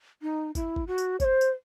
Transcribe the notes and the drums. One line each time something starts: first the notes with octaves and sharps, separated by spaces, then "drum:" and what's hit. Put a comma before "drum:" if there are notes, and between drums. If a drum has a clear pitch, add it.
D#4
E4, drum: kick, tambourine
drum: kick
F#4
drum: tambourine
C#5, drum: kick, tambourine
C5
drum: tambourine